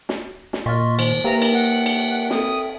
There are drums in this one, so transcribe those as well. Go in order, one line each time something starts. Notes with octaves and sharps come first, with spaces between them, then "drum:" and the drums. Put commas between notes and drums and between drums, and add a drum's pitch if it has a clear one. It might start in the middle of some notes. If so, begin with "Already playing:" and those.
drum: snare
drum: snare
A#2 D#5 C6 C#6 F6 A6 B6
D#3 C5, drum: cymbal
A#3 G4 A#4 B4 E5 G5 A#5
drum: cymbal
F#5
drum: cymbal
C4 A4 D#6, drum: snare